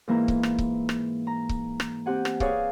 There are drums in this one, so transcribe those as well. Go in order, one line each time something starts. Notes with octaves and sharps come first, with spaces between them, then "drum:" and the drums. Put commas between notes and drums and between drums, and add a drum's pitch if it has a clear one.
G#2 E3 A#3 E4 A#5
drum: kick C#1
drum: rim click
drum: kick C#1
drum: rim click
A#5
drum: kick C#1
drum: rim click
C4 G4 F#5 G#5
drum: rim click
G#4 B4 C#5 D5 F5 G#5, drum: kick C#1